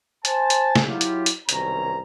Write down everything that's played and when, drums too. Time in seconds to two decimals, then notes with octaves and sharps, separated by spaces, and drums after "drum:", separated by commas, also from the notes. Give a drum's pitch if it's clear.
0.25 C5 G#5 A5, drum: hi-hat
0.50 drum: hi-hat
0.76 drum: snare
0.87 F#3 E4 F4 G4
1.01 drum: hi-hat
1.26 drum: hi-hat
1.49 C2 F#2 B2 D#3 C#4 A#5, drum: hi-hat